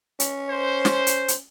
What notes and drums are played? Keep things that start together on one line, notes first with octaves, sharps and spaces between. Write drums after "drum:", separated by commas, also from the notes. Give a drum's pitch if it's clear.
C#4, drum: hi-hat
C5
drum: snare
drum: hi-hat
drum: hi-hat